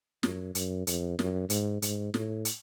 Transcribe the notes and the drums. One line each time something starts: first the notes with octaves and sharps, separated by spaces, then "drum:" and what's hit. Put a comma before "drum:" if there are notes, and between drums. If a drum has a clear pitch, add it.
F#2, drum: snare
F#2, drum: hi-hat
F2, drum: hi-hat
F#2, drum: snare
G#2, drum: hi-hat
G#2, drum: hi-hat
A2, drum: snare
drum: hi-hat